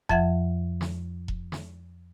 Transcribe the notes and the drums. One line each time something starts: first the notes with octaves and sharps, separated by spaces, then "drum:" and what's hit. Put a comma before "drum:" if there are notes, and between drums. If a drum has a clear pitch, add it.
F2 F3 E5 F#5 G#6, drum: kick E1
drum: snare
drum: kick E1
drum: snare